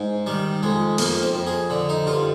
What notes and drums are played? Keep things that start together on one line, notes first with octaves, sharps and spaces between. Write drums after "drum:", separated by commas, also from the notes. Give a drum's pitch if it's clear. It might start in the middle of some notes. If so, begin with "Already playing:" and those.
Already playing: G#2
D#3 G3
F2 G#3
F2 A#3, drum: open hi-hat
C4
F2
G#4
D3
D#4
G2 F4